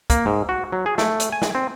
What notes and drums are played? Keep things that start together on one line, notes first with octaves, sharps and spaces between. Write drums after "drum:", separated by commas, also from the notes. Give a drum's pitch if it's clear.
A#3, drum: kick, hi-hat
G#2
F#4
F#3
G#4
A3, drum: snare
drum: hi-hat
G#5
drum: snare
C4